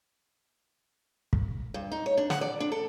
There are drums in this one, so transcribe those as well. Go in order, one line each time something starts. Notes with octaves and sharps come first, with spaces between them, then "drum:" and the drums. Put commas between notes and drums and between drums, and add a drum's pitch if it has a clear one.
drum: kick
G2
D#4
C#5
D4
F#5, drum: snare
D5
D4
A4